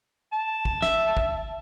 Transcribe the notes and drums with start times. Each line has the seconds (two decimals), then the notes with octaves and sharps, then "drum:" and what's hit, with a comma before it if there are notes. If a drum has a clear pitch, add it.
0.32 A5
0.65 drum: kick
0.82 E5, drum: snare
1.17 drum: kick